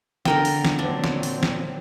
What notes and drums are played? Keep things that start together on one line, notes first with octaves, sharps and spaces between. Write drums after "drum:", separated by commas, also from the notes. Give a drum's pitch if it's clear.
D3 A#4 G5, drum: snare
drum: open hi-hat
drum: snare
A#2 F#3 C4 D4
drum: snare
drum: open hi-hat
drum: snare